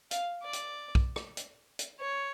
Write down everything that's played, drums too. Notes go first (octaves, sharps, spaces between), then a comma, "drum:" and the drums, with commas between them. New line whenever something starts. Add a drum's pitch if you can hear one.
F5, drum: hi-hat
D5
drum: hi-hat
drum: kick
drum: rim click
drum: hi-hat
drum: hi-hat
C#5